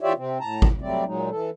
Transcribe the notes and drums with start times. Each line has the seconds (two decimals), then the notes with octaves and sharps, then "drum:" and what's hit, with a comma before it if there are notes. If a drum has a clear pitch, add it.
0.01 E3 F4 G4 C#5 D5 E5
0.17 C3 C4
0.40 A2 A5 A#5
0.62 drum: kick G#1
0.81 F#3 G3 A3 C4 D5
1.05 A#2 F#3 G#3 D#4
1.30 E3 A4